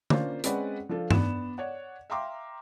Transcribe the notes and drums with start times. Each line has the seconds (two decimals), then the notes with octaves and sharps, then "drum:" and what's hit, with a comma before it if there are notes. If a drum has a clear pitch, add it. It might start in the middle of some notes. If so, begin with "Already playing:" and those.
0.10 A#3 C#4 D4 F4 C5, drum: tom D3
0.44 G#3 C4 C#4 B4 D5 F#5, drum: hi-hat
0.89 F3 D4 F4 A4
1.11 B3 D4 E7, drum: tom G2
1.58 C#5 D5 F#5
2.10 E5 F5 G5 A#5 C6 D6